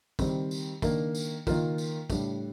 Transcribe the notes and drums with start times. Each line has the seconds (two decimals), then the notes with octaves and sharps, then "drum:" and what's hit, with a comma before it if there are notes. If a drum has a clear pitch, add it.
0.19 D#3 G3 C4, drum: kick, tambourine
0.51 drum: tambourine
0.82 D#3 A#3 D4, drum: kick, tambourine
1.15 drum: tambourine
1.47 D#3 A#3 F4 A#4, drum: kick, tambourine
1.78 drum: tambourine
2.10 A2 G3 D4, drum: kick, tambourine